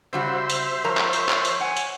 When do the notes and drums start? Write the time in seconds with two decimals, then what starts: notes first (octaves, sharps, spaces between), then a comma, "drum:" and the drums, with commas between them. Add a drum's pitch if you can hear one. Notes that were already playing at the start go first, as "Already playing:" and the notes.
0.13 C#3 G3 F#4 C5 E5
0.49 drum: tambourine
0.84 F3 A#4 C#5 A#5
0.97 drum: clap
1.13 drum: tambourine
1.29 drum: clap
1.45 drum: tambourine
1.61 F#5 G#5
1.76 drum: tambourine